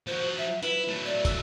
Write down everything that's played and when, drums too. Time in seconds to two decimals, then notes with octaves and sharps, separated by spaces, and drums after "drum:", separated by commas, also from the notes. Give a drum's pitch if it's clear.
0.07 F3 F#4 C5
0.37 E5
0.63 E4 B4, drum: hi-hat
0.88 F#3 A3
1.05 D5
1.25 E6, drum: kick, hi-hat